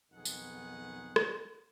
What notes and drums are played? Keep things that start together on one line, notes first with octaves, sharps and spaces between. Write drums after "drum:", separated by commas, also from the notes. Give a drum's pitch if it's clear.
B1 F2 D#3 B3 G#4 F#5
drum: tambourine
drum: rim click